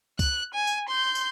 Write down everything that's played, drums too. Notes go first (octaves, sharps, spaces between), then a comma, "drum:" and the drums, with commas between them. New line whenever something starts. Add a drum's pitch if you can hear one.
F#6, drum: kick C#2, tambourine
G#5
drum: tambourine
C6 G6
drum: tambourine